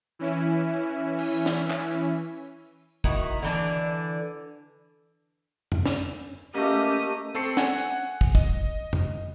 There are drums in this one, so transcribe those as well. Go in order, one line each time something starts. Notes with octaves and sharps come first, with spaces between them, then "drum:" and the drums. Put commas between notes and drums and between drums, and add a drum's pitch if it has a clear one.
E3 C#4 E4
drum: open hi-hat
drum: snare
drum: clap
D#3 E4 F#4, drum: kick
D3 E3 D4
drum: tom
drum: snare
A3 A#3 C#4 G4 D#5
C4 A4 C#6 C7 C#7
drum: hi-hat
F#5 G#5, drum: snare
drum: hi-hat
drum: kick
D#5, drum: kick
drum: tom